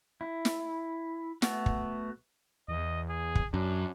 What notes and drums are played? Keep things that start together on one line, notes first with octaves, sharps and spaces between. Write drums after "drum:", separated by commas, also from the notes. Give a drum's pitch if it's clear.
E4
drum: snare
A3 B3 F#4, drum: snare
drum: kick
E2 D#5
G#4
drum: kick
F#2 D4